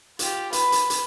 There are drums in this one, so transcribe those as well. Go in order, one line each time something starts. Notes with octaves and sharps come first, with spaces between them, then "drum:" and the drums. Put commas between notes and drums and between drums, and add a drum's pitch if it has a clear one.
F4 G4, drum: hi-hat
B4, drum: hi-hat
drum: hi-hat
drum: hi-hat